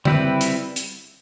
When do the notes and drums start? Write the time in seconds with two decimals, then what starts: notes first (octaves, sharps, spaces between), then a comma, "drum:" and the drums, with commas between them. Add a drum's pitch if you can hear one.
0.05 G3 C4 E4 B4, drum: tom D3
0.41 drum: hi-hat
0.76 drum: hi-hat